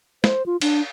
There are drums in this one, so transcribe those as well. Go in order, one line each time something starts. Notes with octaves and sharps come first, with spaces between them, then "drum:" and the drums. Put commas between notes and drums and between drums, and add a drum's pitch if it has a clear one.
C5, drum: snare
F4
D4, drum: cymbal